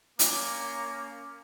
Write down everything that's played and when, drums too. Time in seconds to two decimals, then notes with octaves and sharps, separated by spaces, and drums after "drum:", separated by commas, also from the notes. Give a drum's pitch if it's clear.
0.19 A#3 C#4 D6, drum: hi-hat